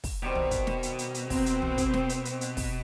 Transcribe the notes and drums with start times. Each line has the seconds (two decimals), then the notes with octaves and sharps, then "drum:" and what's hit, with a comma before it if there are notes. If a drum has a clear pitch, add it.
0.04 drum: kick, open hi-hat
0.23 B2 D#3 G3 C4
0.35 drum: tom
0.51 drum: kick, hi-hat
0.67 drum: snare
0.83 drum: hi-hat
0.99 drum: hi-hat
1.14 drum: hi-hat
1.30 C4 A#5 C6, drum: kick, open hi-hat
1.46 drum: hi-hat
1.62 drum: tom
1.78 drum: kick, hi-hat
1.94 drum: snare
2.09 drum: hi-hat
2.25 drum: hi-hat
2.41 drum: hi-hat
2.57 drum: kick, open hi-hat